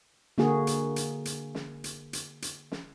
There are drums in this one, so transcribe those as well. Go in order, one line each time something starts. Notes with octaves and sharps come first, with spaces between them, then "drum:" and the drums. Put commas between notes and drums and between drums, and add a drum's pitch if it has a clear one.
D3 A#3 F#4 G#4, drum: snare
drum: hi-hat
drum: hi-hat
drum: hi-hat
drum: snare
drum: hi-hat
drum: hi-hat
drum: hi-hat
drum: snare